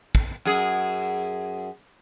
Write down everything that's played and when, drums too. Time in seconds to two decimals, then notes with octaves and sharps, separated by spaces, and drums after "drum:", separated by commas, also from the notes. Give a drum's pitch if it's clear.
0.15 drum: kick
0.45 F#2 G#4